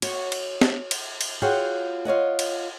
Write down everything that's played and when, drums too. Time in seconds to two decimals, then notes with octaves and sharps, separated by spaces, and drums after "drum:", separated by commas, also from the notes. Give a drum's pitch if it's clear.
0.02 F#4 C#5, drum: cymbal
0.32 drum: cymbal
0.61 drum: snare
0.91 drum: cymbal
1.21 drum: cymbal
1.42 F4 F#4 G#4 C#5 F#5 G5
2.05 F4 C#5 D#5 F#5
2.39 drum: cymbal